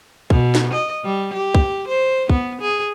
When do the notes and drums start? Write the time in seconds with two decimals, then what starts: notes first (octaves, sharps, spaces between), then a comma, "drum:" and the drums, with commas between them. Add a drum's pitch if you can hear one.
0.30 B2, drum: kick
0.55 drum: snare
0.73 D#5
1.05 G3
1.34 G4
1.55 drum: kick
1.88 C5
2.30 B3, drum: kick
2.61 G#4